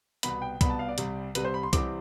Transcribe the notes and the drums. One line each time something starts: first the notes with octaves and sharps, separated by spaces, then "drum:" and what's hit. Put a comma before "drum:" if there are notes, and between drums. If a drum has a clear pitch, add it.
C2 B2 B3 B5, drum: hi-hat
G5
C2 B2 B3 B5, drum: kick, hi-hat
A5
F5
D5
C2 C3 G3, drum: hi-hat
C2 C3 G3 B4, drum: hi-hat
C5
B5
C6
C2 C3 E3 G3 C4 D6, drum: kick, hi-hat